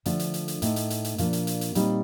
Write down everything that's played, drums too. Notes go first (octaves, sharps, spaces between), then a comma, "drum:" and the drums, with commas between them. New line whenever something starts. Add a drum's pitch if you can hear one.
D3 F3 A3 D4 F4, drum: hi-hat
drum: hi-hat
drum: hi-hat
drum: hi-hat
A2 A3 D#4, drum: hi-hat
drum: hi-hat
drum: hi-hat
drum: hi-hat
A#2 F3 A#3 D4, drum: hi-hat
drum: hi-hat
drum: hi-hat
drum: hi-hat
A#2 G3 C4 D#4, drum: hi-hat